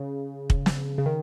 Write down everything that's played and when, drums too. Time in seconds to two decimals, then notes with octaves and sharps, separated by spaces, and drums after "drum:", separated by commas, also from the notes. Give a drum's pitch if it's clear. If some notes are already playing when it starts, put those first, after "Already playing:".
Already playing: C#3
0.50 drum: kick
0.66 drum: snare
0.98 C#3
1.06 D#3